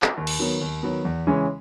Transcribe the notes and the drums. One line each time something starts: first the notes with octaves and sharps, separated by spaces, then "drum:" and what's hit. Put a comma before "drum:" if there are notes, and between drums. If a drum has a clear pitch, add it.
drum: clap
D#2
drum: cymbal
D#3 F#3 B3
D#2
D#3 F#3 B3
E2
C#3 E3 G#3 C#4